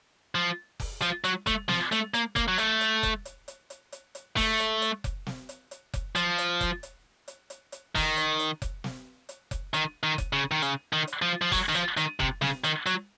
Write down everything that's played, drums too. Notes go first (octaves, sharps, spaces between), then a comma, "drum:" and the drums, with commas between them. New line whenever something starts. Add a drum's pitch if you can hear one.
F3
drum: kick F1, open hi-hat
F3, drum: hi-hat
F#3, drum: hi-hat
A3, drum: kick F1, hi-hat
F3, drum: snare
A3, drum: hi-hat
A#3, drum: hi-hat
A#3, drum: kick F1, hi-hat
F#3
A3, drum: hi-hat
drum: hi-hat
drum: kick F1, hi-hat
drum: hi-hat
drum: hi-hat
drum: hi-hat
drum: hi-hat
drum: hi-hat
A3, drum: kick F1, open hi-hat
drum: hi-hat
drum: hi-hat
drum: kick F1, hi-hat
drum: snare
drum: hi-hat
drum: hi-hat
drum: kick F1, hi-hat
F3, drum: hi-hat
drum: hi-hat
drum: kick F1, hi-hat
drum: hi-hat
drum: hi-hat
drum: hi-hat
drum: hi-hat
D#3, drum: kick F1, open hi-hat
drum: hi-hat
drum: hi-hat
drum: kick F1, hi-hat
drum: snare
drum: hi-hat
drum: kick F1, hi-hat
D#3, drum: hi-hat
D#3
drum: kick F1, hi-hat
C#3
D#3
C#3, drum: hi-hat
D#3
drum: hi-hat
F3
F3
F#3, drum: kick F1, open hi-hat
D#3
F3, drum: hi-hat
D#3, drum: hi-hat
C3, drum: kick F1
C#3, drum: snare
D#3, drum: hi-hat
F#3, drum: hi-hat